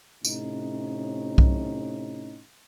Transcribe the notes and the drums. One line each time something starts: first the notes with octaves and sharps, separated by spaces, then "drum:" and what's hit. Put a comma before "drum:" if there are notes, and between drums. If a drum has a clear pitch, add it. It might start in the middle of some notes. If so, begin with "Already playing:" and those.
A2 C3 C#4 D#4, drum: tambourine
drum: kick B1